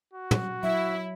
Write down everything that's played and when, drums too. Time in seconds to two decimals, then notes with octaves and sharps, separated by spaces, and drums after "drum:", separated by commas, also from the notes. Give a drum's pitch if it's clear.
0.14 F#4
0.31 drum: tom
0.63 F#3 E4 E5